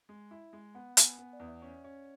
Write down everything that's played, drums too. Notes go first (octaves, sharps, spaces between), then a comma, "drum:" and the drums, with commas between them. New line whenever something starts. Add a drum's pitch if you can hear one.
G#3
E4
G#3
B3 F#5
F#5
B3, drum: hi-hat
G#5
B3 F#5
D5
E2
E5
C#4
C#4